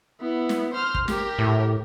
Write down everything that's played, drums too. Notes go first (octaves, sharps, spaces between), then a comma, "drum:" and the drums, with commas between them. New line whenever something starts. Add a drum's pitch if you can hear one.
B3 E4
drum: snare
C5 F6
drum: kick
G4 A#4, drum: snare
A2